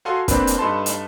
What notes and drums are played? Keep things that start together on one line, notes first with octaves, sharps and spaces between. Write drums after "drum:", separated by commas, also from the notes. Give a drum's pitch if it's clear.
F#4 G#4 A4 F5 G#5 C6
A#3 C4 D4 B4, drum: kick, hi-hat
drum: hi-hat
G2 D#4 A4 B4 A5 C6
drum: hi-hat